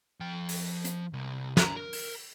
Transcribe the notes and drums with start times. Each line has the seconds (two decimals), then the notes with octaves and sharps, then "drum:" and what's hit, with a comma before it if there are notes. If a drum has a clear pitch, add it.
0.21 F3 G5
0.49 drum: open hi-hat
0.85 drum: hi-hat
1.13 C2
1.57 G#5 A#5, drum: snare
1.76 A#4
1.93 drum: open hi-hat